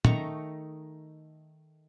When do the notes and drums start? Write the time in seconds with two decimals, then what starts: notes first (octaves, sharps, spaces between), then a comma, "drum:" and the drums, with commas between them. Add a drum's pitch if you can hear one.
0.05 D#3 A3 D#4 A#5 C#6, drum: tom